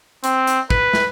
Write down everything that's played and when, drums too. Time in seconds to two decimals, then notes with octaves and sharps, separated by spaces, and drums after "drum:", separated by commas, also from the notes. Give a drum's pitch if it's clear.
0.24 C4, drum: hi-hat
0.47 drum: hi-hat
0.70 B4, drum: kick
0.93 drum: snare